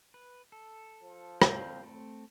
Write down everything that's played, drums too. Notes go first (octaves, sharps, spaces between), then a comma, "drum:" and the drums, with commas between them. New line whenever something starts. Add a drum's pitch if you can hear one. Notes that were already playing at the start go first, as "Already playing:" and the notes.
B4
A4
F3
C4 F5 G5, drum: rim click
A3 C4